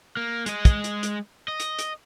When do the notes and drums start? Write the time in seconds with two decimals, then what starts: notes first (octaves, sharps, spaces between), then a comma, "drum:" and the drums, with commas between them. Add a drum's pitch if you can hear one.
0.17 A#3
0.46 G#3 D#5, drum: hi-hat
0.65 drum: kick, hi-hat
0.84 drum: hi-hat
1.03 drum: hi-hat
1.48 D#5
1.60 drum: hi-hat
1.79 drum: hi-hat